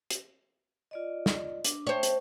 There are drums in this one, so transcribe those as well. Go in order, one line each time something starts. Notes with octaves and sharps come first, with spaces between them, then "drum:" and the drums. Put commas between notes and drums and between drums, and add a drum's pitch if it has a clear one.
drum: hi-hat
F4 D5 D#5
drum: snare
D4, drum: hi-hat
C5 C#5 E5 G5 A5
drum: hi-hat